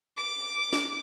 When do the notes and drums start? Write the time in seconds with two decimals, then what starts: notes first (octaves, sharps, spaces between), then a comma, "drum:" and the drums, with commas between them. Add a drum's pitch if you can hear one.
0.17 D6 D7
0.73 drum: snare